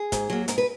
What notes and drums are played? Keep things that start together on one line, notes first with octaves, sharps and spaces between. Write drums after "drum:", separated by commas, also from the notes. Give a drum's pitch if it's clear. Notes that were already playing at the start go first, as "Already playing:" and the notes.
Already playing: G#4
G#2, drum: kick, hi-hat
F#3 A#3
G#2 A#4, drum: hi-hat
B4